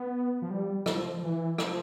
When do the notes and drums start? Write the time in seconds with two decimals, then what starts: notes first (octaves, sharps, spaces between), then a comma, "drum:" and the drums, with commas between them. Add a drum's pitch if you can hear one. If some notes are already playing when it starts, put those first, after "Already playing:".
Already playing: B3
0.42 F3
0.50 G3
0.86 F3, drum: rim click
1.23 E3
1.58 F3, drum: rim click